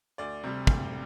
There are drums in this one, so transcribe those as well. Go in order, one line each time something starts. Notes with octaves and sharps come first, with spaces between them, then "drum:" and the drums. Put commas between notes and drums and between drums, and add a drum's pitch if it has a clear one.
D2 D5
C3 G3
D2, drum: kick